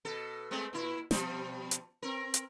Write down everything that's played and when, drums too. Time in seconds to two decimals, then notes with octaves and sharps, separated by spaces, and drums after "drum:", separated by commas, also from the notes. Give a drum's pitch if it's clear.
0.05 B2 A4
0.51 G#3 A3 C4
0.73 A#2 E4
1.11 B2 F3 G3, drum: snare
1.71 drum: hi-hat
2.02 C4 A#4
2.34 drum: hi-hat